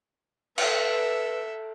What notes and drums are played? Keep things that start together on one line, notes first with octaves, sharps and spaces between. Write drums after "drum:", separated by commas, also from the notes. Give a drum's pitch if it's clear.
A4 B4 E5, drum: cymbal